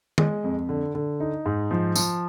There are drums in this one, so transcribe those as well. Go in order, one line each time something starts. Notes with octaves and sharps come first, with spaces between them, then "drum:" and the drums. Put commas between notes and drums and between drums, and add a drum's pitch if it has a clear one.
G#3, drum: tom D#3
F2
D3
D3
D#4
G#2
F3
F3, drum: tambourine